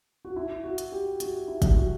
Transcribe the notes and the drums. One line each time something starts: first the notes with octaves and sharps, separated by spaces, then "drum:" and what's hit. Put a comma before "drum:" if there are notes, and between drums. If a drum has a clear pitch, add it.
F#4
E4
F#4
drum: hi-hat
G4
F#4, drum: hi-hat
E4
drum: kick, hi-hat
F#4